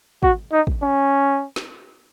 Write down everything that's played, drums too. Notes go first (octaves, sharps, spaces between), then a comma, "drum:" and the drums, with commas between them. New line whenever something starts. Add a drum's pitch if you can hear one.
F#4, drum: kick
D#4
drum: kick
C#4
drum: snare